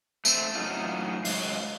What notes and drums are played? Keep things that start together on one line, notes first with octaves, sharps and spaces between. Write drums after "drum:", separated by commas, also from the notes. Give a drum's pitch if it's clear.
A3 C4, drum: tambourine
A2 F#3 C#4 D#4 F4
F#3 G#3 F5, drum: open hi-hat